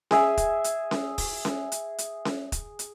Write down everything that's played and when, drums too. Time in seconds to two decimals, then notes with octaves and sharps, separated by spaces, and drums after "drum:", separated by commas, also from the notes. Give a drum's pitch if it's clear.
0.11 G#4 E5 G#5, drum: snare C#4
0.37 drum: kick, hi-hat
0.64 drum: hi-hat
0.91 drum: snare C#4
1.18 drum: kick, open hi-hat
1.45 drum: snare C#4
1.72 drum: hi-hat
1.98 drum: hi-hat
2.25 drum: snare C#4
2.52 drum: kick, hi-hat
2.79 drum: hi-hat